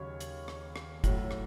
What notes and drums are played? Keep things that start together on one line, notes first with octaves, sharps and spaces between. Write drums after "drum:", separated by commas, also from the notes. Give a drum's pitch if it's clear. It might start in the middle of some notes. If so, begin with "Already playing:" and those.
Already playing: D#2 C#3 F#3 C#5
drum: hi-hat
drum: rim click
drum: rim click
A2 F#3, drum: kick, hi-hat
drum: rim click